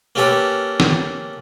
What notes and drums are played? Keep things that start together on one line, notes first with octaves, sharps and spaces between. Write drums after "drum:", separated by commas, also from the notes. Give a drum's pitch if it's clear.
A#3 C#4 G4 A4 B4
drum: snare